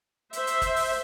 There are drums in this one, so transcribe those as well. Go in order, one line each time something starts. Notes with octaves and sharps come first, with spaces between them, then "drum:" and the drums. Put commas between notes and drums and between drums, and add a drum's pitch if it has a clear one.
C5 E5, drum: hi-hat
drum: hi-hat
drum: kick, hi-hat
drum: open hi-hat